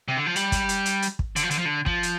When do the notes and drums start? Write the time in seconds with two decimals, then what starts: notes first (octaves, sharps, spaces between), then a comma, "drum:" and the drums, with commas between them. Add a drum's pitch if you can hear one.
0.08 C3
0.16 D3
0.26 F3
0.36 G3, drum: hi-hat
0.52 drum: kick, hi-hat
0.69 drum: hi-hat
0.86 drum: hi-hat
1.02 drum: hi-hat
1.19 drum: kick
1.36 D3, drum: hi-hat
1.43 F3
1.51 D3, drum: hi-hat
1.58 F3
1.65 D3
1.86 F3, drum: kick
2.03 drum: hi-hat